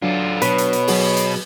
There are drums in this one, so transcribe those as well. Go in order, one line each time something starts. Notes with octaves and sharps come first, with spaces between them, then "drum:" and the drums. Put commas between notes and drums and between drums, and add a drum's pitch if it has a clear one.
D3 F#3 D4 F4
B2 B4 C#5, drum: hi-hat
drum: hi-hat
drum: hi-hat
F#3 F#4 G#4, drum: open hi-hat
drum: hi-hat